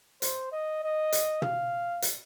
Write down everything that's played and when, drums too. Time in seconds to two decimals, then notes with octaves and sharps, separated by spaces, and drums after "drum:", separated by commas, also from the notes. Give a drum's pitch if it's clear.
0.22 C5, drum: hi-hat
0.52 D#5
0.83 D#5
1.12 drum: hi-hat
1.42 F5, drum: tom
2.02 drum: hi-hat